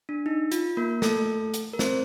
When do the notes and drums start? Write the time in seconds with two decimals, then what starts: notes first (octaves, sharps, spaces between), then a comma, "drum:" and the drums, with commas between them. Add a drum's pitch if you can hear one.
0.09 D4
0.26 D#4
0.51 F4, drum: hi-hat
0.77 A#3 A#4
1.02 A3 A4, drum: snare
1.54 drum: hi-hat
1.73 A#4
1.79 C4 C5, drum: snare